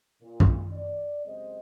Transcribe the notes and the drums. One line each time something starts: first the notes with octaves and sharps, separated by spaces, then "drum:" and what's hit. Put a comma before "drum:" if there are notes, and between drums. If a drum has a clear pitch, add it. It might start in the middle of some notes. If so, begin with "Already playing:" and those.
A#2
drum: kick
D5
F#1 G#3 C4 G4 C5 D#5